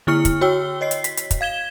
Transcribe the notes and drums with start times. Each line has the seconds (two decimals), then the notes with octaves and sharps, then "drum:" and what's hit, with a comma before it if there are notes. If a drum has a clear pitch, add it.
0.07 D3 A#3 E4 C#6 F6 C#7
0.25 drum: kick, hi-hat
0.41 F#4 C#5 G5 E6 G7
0.81 C#5 D#5 C7
0.91 drum: hi-hat
1.04 B6, drum: hi-hat
1.17 drum: hi-hat
1.31 drum: kick, hi-hat
1.41 F5 G#6 E7 G7